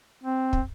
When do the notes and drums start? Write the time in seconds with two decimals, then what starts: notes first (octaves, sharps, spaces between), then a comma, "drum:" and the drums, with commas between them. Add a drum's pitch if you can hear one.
0.23 C4
0.53 drum: kick